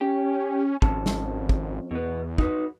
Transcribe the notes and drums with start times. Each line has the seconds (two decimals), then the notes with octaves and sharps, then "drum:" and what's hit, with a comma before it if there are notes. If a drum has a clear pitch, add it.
0.01 C#4 G4
0.82 G#1 F2 C#4 A5, drum: kick
1.06 drum: snare
1.49 drum: kick
1.91 E2 B2 B3
2.38 D#4 F#4 B4, drum: kick